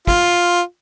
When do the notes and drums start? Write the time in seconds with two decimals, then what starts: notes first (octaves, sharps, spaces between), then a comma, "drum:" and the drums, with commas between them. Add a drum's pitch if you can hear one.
0.07 F4, drum: kick